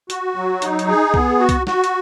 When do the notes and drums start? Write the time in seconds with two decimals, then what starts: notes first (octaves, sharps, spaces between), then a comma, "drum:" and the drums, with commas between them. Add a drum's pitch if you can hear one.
0.10 F#4, drum: hi-hat
0.36 F#3
0.62 D#4, drum: hi-hat
0.79 drum: hi-hat
0.88 G#4
1.14 B3, drum: kick C2
1.40 F#4
1.49 drum: kick C2, hi-hat
1.67 F#4, drum: snare
1.84 drum: hi-hat